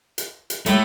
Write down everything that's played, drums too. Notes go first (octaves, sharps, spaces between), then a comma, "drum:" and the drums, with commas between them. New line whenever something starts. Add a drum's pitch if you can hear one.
drum: hi-hat
drum: hi-hat
A2 G#3 A3 B5, drum: hi-hat